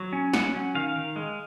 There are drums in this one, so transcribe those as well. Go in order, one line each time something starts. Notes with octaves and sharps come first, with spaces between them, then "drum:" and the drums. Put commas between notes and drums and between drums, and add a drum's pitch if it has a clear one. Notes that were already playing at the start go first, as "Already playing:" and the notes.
Already playing: F#3
C#4
F#3 F#5, drum: snare
C#4
D#3 F5
D#3
G#3